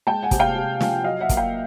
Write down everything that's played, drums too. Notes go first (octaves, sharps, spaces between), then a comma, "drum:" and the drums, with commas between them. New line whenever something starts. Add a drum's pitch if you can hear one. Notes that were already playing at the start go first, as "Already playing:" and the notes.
G#3 G5 A5
F#5 G#5
C3, drum: kick, hi-hat
F5 G5
C3
F3, drum: snare
F#3 D#5 F5
E5 F#5
A#3, drum: kick, hi-hat
F5 G5